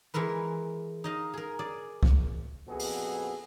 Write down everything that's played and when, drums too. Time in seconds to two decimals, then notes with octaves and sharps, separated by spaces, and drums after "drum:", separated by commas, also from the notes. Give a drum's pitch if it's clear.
0.14 E3 G#3 E4 A#4 B4
1.04 D#4 D#5 F5
1.33 G#4 A#4
1.59 G#4 D5
2.03 drum: kick C2
2.67 A#1 F2 B3 F#4 G#4 A4
2.80 drum: open hi-hat